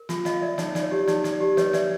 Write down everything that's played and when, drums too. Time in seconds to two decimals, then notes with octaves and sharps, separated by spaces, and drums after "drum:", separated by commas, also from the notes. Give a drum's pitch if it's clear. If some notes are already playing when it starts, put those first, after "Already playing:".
Already playing: A#4
0.09 F4, drum: snare
0.25 F4 D#5 F5, drum: snare
0.42 A#4 D5 E5
0.58 D#4 C#5 D#5, drum: snare
0.75 D#4 D5, drum: snare
0.83 C#5
0.91 G4
1.07 D#4 D5, drum: snare
1.24 D#4, drum: snare
1.32 D5
1.40 G4
1.57 B4 C#5 D#5, drum: snare
1.73 B4 D5 E5, drum: snare